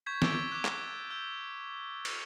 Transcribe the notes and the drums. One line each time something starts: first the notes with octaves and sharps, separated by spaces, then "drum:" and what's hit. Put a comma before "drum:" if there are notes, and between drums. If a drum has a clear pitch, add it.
C#6 G6 G#6 B6
C#6 D6 E6 A6 D7, drum: snare
D6 F#6
drum: clap
E6 G6
drum: cymbal